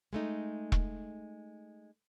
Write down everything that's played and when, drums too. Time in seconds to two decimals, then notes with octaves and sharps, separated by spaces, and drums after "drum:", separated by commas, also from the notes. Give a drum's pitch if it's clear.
0.13 G#3 A3 D#4
0.72 drum: kick E1